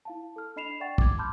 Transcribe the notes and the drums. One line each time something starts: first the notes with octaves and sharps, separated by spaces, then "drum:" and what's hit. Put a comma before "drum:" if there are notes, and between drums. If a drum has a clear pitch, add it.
E4 F5 A5
A4 F6
D4 D#5 B5 C7 E7 F7
D5 E5 F#5 G5 C#6 A6
D6 G#6, drum: kick
A5 B5 C6 D6 F6 G6